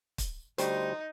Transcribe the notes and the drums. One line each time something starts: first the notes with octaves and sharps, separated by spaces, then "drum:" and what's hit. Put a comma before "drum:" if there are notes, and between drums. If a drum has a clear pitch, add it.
drum: kick, hi-hat
D2 G3 D#4 C5, drum: hi-hat